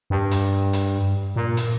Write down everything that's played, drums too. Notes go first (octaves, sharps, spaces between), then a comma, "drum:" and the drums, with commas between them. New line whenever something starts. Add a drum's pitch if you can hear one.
G2
drum: hi-hat
drum: hi-hat
A#2
drum: hi-hat